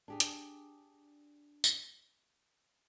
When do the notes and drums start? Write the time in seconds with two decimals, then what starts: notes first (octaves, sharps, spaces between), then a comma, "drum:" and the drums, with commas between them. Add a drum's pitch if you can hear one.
0.08 D4 G4 G#4
0.20 drum: hi-hat
1.64 drum: tambourine